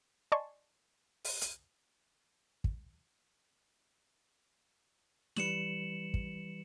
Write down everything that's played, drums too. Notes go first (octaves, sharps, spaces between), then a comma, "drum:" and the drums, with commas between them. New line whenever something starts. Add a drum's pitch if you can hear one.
D5 D#5 G#5 A5 C6 C#6
drum: open hi-hat
drum: hi-hat
drum: kick
E3 G3 B4 C#7 E7 F#7, drum: snare
drum: kick